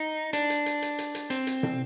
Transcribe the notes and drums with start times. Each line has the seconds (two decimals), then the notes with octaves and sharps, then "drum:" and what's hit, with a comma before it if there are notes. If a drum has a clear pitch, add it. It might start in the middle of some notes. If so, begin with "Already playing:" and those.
Already playing: D#4
0.33 D4, drum: hi-hat
0.50 drum: hi-hat
0.66 drum: hi-hat
0.82 drum: hi-hat
0.98 drum: hi-hat
1.15 drum: hi-hat
1.30 C4, drum: hi-hat
1.47 drum: hi-hat
1.63 drum: tom